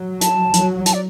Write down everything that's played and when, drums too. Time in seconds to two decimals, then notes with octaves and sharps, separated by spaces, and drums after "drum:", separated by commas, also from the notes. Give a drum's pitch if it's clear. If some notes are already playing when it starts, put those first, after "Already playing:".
Already playing: F#3
0.21 A5, drum: hi-hat
0.54 F#3, drum: hi-hat
0.86 A5, drum: hi-hat
0.94 D5